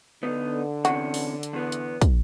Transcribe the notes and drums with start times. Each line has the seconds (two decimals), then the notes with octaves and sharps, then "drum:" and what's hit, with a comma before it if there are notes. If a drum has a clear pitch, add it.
0.23 D3 B3 D#4
0.85 E2 C3 C#4 F#4, drum: hi-hat
1.14 drum: open hi-hat
1.43 drum: hi-hat
1.53 E2 B3
1.72 drum: hi-hat
2.02 drum: kick, hi-hat